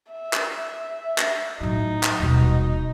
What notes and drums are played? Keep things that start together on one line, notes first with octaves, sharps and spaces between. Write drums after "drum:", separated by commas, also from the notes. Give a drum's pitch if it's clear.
E5
drum: clap
drum: clap
A2 F#3 D#4
drum: clap
D#1 B2